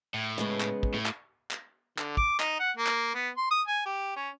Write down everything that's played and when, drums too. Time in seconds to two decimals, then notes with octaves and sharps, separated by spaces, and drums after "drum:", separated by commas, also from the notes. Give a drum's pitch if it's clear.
0.14 A2
0.38 C#3 G#3 B3
0.60 drum: clap
0.83 drum: kick
0.94 A2
1.06 drum: clap
1.51 drum: clap
1.98 D3, drum: clap
2.17 D6, drum: kick
2.40 D#4, drum: clap
2.60 F#5
2.77 A#3
2.87 drum: clap
3.15 B3
3.37 C6
3.51 D#6
3.67 G#5
3.86 G4
4.16 C#4